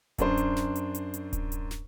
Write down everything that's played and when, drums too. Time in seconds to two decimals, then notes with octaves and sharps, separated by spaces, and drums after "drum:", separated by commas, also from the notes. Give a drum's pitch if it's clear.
0.18 F#2 D4 C5, drum: kick D1, hi-hat
0.37 drum: hi-hat
0.56 drum: snare
0.76 drum: hi-hat
0.95 drum: hi-hat
1.14 drum: hi-hat
1.33 drum: kick D1, hi-hat
1.52 drum: hi-hat
1.71 drum: snare